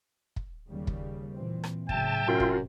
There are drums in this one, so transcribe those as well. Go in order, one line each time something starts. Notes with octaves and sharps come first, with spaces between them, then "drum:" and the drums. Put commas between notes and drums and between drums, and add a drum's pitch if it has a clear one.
drum: kick
D#2 C#3 G3
drum: kick
A#2 E3 C4
drum: rim click
A2 C#3 F#3 E5 G5 A5, drum: kick
F#2 C3 F4
drum: kick